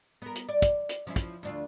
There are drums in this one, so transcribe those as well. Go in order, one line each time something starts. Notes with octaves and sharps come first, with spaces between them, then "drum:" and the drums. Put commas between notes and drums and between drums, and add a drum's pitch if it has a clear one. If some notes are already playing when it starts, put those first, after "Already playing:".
B3 A#4
drum: hi-hat
D5
drum: kick, hi-hat
drum: hi-hat
F3 C#4 E4
drum: kick, hi-hat
D2 D4 F4